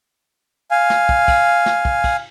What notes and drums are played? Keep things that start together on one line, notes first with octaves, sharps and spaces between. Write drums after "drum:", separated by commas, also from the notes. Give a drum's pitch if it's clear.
F5 G#5
drum: snare
drum: kick
drum: kick, cymbal
drum: snare
drum: kick
drum: kick, cymbal